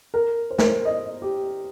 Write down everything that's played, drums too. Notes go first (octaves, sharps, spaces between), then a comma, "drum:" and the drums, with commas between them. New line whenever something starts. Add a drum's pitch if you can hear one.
A#4
C5
A#4, drum: snare
C5
D#5
G4